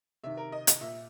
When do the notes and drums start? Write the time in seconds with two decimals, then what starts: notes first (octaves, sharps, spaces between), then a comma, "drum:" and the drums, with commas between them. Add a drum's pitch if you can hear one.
0.24 C3 D#3 E5
0.37 A#4
0.52 D#5
0.67 D#5, drum: hi-hat
0.81 A#2 E5